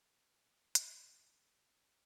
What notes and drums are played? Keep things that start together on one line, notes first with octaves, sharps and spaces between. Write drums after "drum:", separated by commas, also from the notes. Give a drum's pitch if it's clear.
B4 G#5
drum: hi-hat
C#4
G4